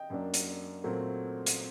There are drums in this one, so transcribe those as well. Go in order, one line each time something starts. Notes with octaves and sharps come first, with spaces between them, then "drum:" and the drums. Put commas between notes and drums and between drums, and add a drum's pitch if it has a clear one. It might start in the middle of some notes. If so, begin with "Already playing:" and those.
Already playing: D#5 G5
F#2 F#3 A#3 D4
drum: hi-hat
A#2 F#3 A3 C4
drum: hi-hat